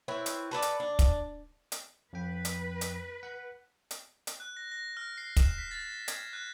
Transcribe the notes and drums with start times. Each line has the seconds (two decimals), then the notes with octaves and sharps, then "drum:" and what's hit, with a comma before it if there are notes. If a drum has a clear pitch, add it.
0.08 C4 E4 B4 C#5
0.26 drum: hi-hat
0.51 A4 B4 C#5 D5
0.62 drum: hi-hat
0.80 D4
0.99 drum: kick, hi-hat
1.72 drum: hi-hat
2.13 F2 B4 G5
2.45 drum: hi-hat
2.81 drum: hi-hat
3.23 F#5 F#6
3.91 drum: hi-hat
4.27 drum: hi-hat
4.40 F#6
4.57 A#6
4.72 A#6
4.97 F6
5.18 C7
5.36 E7, drum: kick, hi-hat
5.58 B6
5.71 A6
6.08 G#6, drum: hi-hat
6.33 F#6